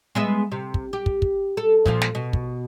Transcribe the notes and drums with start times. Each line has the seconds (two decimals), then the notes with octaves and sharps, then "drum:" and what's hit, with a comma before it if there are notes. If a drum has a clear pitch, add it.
0.15 G#3 B3 E5
0.52 C3
0.74 drum: kick
0.93 G4
1.06 drum: kick
1.22 drum: kick
1.57 A4
1.86 A#2 F3 F4, drum: kick
2.02 drum: snare
2.15 B2
2.33 drum: kick